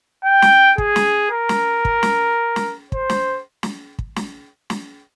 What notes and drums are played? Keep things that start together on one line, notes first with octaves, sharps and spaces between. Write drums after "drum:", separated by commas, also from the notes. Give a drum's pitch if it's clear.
G5
drum: snare
G#4, drum: kick
drum: snare
A#4
drum: snare
drum: kick
drum: snare
drum: snare
C5, drum: kick
drum: snare
drum: snare
drum: kick
drum: snare
drum: snare